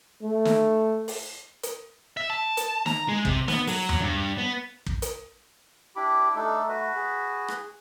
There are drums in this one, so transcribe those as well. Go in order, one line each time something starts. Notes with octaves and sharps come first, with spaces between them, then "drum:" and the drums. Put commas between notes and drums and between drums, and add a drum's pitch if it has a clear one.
A3
drum: snare
drum: open hi-hat
drum: hi-hat
E5
A5
drum: hi-hat
A#5, drum: snare
G#3
C3, drum: kick
B3, drum: snare
F#3, drum: open hi-hat
drum: tom E2
G2
B3
drum: kick
drum: hi-hat
D4 E4 G4 B5 D6
A3 D4 D#4 A4
F#4 B4
G#4
drum: rim click